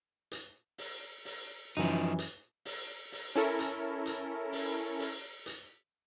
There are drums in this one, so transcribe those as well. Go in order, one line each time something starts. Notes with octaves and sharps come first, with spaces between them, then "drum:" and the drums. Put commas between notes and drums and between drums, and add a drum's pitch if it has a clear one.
drum: hi-hat
drum: open hi-hat
drum: open hi-hat
F#2 E3 F3 D#4
drum: hi-hat
drum: open hi-hat
drum: open hi-hat
C#4 E4 A4 A#4
drum: hi-hat
drum: hi-hat
drum: open hi-hat
drum: open hi-hat
drum: hi-hat